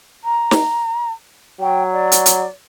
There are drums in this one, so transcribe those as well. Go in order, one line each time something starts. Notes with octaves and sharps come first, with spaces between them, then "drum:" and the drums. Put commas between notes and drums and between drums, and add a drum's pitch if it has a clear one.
A#5
drum: snare
F#3 G5
D5
drum: hi-hat
drum: hi-hat